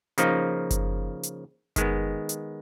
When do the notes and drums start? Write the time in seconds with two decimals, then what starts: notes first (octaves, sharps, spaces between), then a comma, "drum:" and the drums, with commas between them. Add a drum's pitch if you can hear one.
0.18 C#3 F3 A#3 D#4, drum: hi-hat
0.71 drum: kick F#1, hi-hat
1.23 drum: hi-hat
1.76 D#3 G#3 B3, drum: kick F#1, hi-hat
2.29 drum: hi-hat